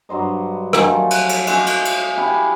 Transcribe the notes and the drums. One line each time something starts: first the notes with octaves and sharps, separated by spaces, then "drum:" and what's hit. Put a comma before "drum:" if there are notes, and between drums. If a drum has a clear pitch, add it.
G2 F#3 C5 D#5
D#3 F3 F#3 C#4, drum: rim click
A3
drum: cymbal
drum: cymbal
C#4 F4 D#5 E5, drum: cymbal
drum: cymbal
drum: cymbal
E4 G4